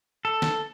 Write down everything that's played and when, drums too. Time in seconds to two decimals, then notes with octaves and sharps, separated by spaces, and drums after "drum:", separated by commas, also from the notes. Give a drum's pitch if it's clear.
0.25 A4
0.42 drum: snare